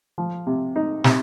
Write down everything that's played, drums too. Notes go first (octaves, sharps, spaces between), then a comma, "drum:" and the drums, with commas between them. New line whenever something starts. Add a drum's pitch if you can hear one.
F3
C3
D#4
C3, drum: snare